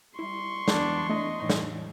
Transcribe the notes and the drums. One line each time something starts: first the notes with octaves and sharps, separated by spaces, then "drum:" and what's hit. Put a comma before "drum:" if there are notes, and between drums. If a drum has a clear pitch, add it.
G3 E4 C6 C#6
E3 G#3 B3 D4, drum: snare
A3 D4 E4 D#5
A2 E3 D#4
drum: snare